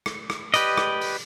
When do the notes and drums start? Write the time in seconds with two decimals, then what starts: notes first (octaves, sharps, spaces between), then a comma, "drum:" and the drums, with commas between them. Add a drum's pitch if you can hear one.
0.06 drum: rim click
0.30 drum: rim click
0.54 G4 B4 D5 D#5, drum: hi-hat
0.78 drum: rim click
1.01 drum: open hi-hat